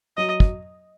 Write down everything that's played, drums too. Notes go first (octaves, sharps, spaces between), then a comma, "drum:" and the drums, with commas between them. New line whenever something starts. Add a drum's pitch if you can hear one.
F#3 D#5
drum: kick